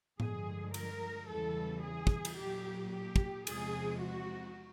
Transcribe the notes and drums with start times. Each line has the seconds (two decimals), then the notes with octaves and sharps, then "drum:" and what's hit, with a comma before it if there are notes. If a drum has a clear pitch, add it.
0.20 G2 D3 F3 G#3 G#4, drum: tom A2
0.74 A#4, drum: cymbal
1.29 E2 C#3 E3 G3 A4
1.83 G#4
2.07 drum: kick
2.25 drum: cymbal
2.37 A#2 F#3 G4
2.93 G4
3.16 drum: kick
3.47 E2 C3 F3 G#3 G#4, drum: cymbal
4.02 F#4